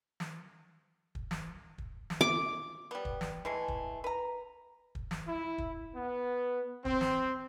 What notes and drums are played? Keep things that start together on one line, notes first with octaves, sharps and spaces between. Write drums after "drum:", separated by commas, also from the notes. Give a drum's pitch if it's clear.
drum: snare
drum: kick
drum: snare
drum: kick
drum: snare
D6
G3 B3
drum: kick
drum: snare
E3 G#3 A3
drum: kick
B4 A#5
drum: kick
drum: snare
E4
drum: kick
B3
C4, drum: kick
drum: snare